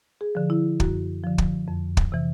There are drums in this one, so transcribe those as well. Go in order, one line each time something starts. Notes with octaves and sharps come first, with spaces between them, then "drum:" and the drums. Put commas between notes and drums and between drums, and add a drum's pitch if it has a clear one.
G#4
D3 F3
E4
F#2 F#4, drum: kick
D3 F3
drum: kick
F2
drum: kick
C3 E3